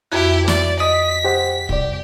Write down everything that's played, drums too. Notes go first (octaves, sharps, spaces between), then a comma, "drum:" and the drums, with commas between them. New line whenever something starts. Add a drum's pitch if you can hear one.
F2 E4 F#4 G4
D5, drum: snare
D#5 D#6 B6
G4 C5 F#5
C2 G4 D5, drum: kick